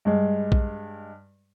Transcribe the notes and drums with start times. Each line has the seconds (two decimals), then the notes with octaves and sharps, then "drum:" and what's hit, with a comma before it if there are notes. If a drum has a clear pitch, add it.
0.05 G2 G#3
0.52 drum: kick A#1